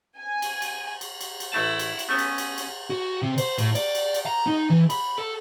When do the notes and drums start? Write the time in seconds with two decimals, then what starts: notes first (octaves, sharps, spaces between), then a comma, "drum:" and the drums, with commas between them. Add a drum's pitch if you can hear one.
0.17 G#5
0.42 drum: cymbal
0.62 drum: cymbal
1.01 drum: cymbal
1.21 drum: cymbal
1.40 drum: cymbal
1.52 A1 A3 E4 F#5 A5
1.79 drum: cymbal
1.99 drum: cymbal
2.09 A3 B3 C#4
2.18 drum: cymbal
2.38 drum: cymbal
2.58 drum: cymbal
2.90 F#4
3.22 C3
3.38 C5, drum: cymbal
3.58 A2, drum: cymbal
3.75 D5, drum: cymbal
3.95 drum: cymbal
4.14 drum: cymbal
4.26 A#5
4.47 D#4
4.70 E3
4.90 B5, drum: cymbal
5.18 A4